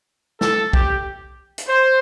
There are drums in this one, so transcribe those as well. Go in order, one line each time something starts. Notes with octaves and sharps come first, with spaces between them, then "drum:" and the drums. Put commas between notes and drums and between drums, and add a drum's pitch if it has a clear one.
A4, drum: snare
G4, drum: kick
drum: hi-hat
C5